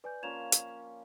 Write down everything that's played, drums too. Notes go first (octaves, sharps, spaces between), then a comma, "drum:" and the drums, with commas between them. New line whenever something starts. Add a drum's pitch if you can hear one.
B4 D5 G#5 G6
F3 A#3 C#4 G#6 E7 F7
drum: hi-hat